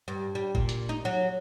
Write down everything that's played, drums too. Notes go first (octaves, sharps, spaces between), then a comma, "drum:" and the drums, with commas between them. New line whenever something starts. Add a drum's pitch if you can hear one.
G2
G3
A#2, drum: kick G1
drum: hi-hat
D#4
F#3